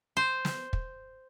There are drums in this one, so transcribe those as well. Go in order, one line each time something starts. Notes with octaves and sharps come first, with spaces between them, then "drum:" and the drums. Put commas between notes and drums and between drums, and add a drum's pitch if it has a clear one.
C5
drum: snare
drum: kick